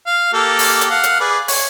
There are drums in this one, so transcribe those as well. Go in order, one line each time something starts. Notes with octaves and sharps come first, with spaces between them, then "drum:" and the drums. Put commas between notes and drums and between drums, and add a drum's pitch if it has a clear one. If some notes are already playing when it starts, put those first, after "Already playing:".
F5
A#3 G4 A4
drum: open hi-hat
drum: hi-hat
F5 F#5
drum: hi-hat
G#4 B4 D5
C#5, drum: open hi-hat